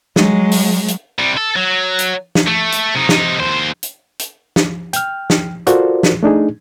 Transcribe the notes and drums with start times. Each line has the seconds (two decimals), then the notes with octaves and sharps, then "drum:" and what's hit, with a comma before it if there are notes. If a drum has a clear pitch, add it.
0.16 F#3 G#3, drum: snare
0.51 drum: open hi-hat
0.88 drum: hi-hat
1.19 C3 G3
1.37 A4
1.56 F#3
1.99 drum: hi-hat
2.35 drum: snare
2.48 A3
2.72 drum: hi-hat
2.95 C3 D#4
3.09 drum: snare
3.39 D#2 C5
3.83 drum: hi-hat
4.19 drum: hi-hat
4.56 drum: snare
4.93 G5 F6, drum: hi-hat
5.30 drum: snare
5.67 F4 F#4 A4 A#4 C5 D5, drum: hi-hat
6.03 drum: snare
6.23 A3 D4 D#4 G#4